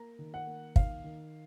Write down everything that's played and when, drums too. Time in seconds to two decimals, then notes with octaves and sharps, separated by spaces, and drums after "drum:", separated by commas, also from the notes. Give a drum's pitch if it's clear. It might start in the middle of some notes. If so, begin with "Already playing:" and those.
Already playing: A#3 A#5
0.19 D#3
0.34 F#5
0.47 A#3
0.76 D#3 F5, drum: kick
1.04 D#3